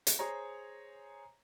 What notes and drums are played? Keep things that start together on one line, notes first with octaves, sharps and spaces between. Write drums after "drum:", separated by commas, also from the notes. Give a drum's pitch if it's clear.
drum: hi-hat
G#4 C5 C#5 A#5